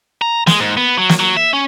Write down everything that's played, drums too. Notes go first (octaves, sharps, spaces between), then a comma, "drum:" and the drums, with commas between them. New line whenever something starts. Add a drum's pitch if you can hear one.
A#5
G#3, drum: snare
G#2
B3
F#3
drum: snare
F#3
E5
C#4